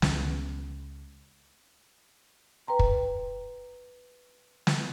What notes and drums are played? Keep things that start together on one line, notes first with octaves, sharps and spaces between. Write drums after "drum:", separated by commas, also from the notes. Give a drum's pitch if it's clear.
C#2 C#3, drum: snare
B4 G5 A#5 C6
drum: kick
drum: snare